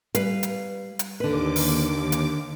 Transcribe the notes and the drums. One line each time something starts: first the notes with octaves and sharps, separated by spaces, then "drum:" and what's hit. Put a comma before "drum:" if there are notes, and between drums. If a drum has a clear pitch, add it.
G3 B4 F5, drum: hi-hat
drum: hi-hat
drum: hi-hat
D#2 D3 B4 D6
drum: open hi-hat
drum: hi-hat